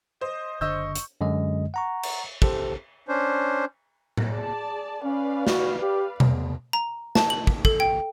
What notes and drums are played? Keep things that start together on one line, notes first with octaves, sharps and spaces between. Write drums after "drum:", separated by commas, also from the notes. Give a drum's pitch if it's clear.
C5 D#5
F#1 D3 D#5 C#6 E6 G6
drum: hi-hat
F#2 D3 G#3 D#5
F#5 A#5 C#6
drum: cymbal
G4 A4 C5, drum: kick
C#4 D4 C5
drum: tom A2
G#4 D5 A5
C#4 B4 D5 F5
F#4, drum: snare
G4
E2, drum: tom B2
A#5
A5, drum: snare
F#7
drum: kick
A4, drum: kick
G5